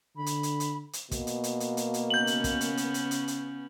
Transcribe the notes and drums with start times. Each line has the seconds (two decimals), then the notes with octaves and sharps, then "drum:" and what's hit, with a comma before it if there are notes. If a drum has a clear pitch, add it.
0.17 D3 B5
0.26 drum: hi-hat
0.43 drum: hi-hat
0.60 drum: hi-hat
0.93 drum: hi-hat
1.11 B2 A#3, drum: kick, hi-hat
1.27 drum: hi-hat
1.44 drum: hi-hat
1.60 drum: hi-hat
1.77 drum: hi-hat
1.94 drum: hi-hat
2.10 C#3 B3 C#4 G6 F#7
2.27 drum: hi-hat
2.44 drum: kick, hi-hat
2.61 drum: hi-hat
2.77 drum: hi-hat
2.94 drum: hi-hat
3.11 drum: hi-hat
3.28 drum: hi-hat